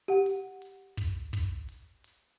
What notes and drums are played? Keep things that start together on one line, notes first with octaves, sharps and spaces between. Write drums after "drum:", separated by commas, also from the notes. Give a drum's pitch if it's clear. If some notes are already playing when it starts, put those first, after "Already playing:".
G4 F#5
drum: hi-hat
drum: hi-hat
drum: kick, open hi-hat
drum: kick, hi-hat
drum: hi-hat
drum: hi-hat